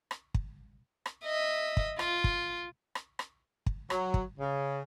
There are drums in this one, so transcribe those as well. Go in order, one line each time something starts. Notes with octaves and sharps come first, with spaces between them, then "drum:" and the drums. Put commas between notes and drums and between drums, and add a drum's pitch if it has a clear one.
drum: rim click
drum: kick
drum: rim click
D#5 E5
drum: kick
F4, drum: rim click
drum: kick
drum: rim click
drum: rim click
drum: kick
F#3, drum: rim click
drum: kick
C#3